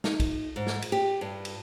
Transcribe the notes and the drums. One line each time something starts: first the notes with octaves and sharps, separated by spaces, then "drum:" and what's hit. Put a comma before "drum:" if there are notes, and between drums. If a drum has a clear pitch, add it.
D#4, drum: snare
drum: kick, cymbal
G#2
drum: snare
drum: cymbal
G4
G2
drum: cymbal